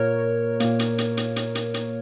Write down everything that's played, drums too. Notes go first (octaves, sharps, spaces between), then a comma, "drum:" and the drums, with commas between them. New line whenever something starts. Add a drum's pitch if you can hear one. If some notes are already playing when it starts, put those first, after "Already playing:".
Already playing: A#2 A#3 A#4 C#5
A#2 A#3, drum: hi-hat
drum: hi-hat
drum: hi-hat
drum: hi-hat
drum: hi-hat
drum: hi-hat
drum: hi-hat